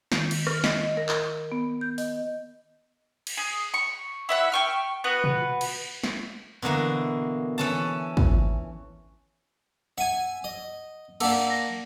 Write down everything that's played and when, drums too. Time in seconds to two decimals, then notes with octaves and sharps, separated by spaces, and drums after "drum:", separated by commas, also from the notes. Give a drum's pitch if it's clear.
0.12 D#3, drum: snare
0.31 drum: cymbal
0.47 F6, drum: rim click
0.64 D#5, drum: snare
0.97 A#4
1.09 drum: clap
1.52 B3
1.81 G6
1.98 D#5, drum: open hi-hat
3.27 drum: cymbal
3.37 G#4
3.74 C#6
4.29 E4 E5 F#5
4.52 G5 C#6 F6
5.04 B3 F#4 B4
5.24 drum: tom A#2
5.61 drum: cymbal
6.04 drum: snare
6.62 B2 D3 E3 A#3
7.58 E3 C#4 A5
8.17 drum: kick
9.98 E5 F#5 G#5 D#7
10.44 D#5
11.20 A#3 D4 F#5 A5 E6, drum: cymbal
11.50 A#6